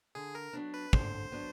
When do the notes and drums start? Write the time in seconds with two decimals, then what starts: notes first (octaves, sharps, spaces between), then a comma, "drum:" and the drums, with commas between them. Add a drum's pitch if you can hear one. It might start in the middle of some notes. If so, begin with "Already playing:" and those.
0.15 D3 G#4
0.35 A#4
0.53 F#3 B3 D4
0.74 B4
0.93 D3 C5, drum: kick
1.32 F#3 B3 D4